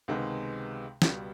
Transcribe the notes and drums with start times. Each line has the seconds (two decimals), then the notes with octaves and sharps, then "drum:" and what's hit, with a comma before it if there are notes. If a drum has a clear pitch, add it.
0.08 C#2 C3 D#3 G#3 B3
1.02 C#2 B2 G3, drum: snare